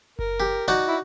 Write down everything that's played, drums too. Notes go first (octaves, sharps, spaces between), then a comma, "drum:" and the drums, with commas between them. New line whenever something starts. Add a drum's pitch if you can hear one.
A#4, drum: kick F#1
G4
D#4 F#4 D5
E4